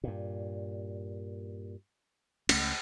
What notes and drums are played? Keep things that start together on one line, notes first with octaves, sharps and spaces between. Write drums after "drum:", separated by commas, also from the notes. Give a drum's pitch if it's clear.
G2 A#2
C#2 A3 C#4, drum: cymbal